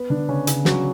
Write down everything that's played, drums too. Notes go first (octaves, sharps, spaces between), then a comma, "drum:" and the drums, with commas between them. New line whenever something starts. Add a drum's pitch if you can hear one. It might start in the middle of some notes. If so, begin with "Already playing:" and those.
Already playing: B3 B4
D3 D4
C#3 C#4
C#3 C#4, drum: hi-hat
F#3 F#4, drum: snare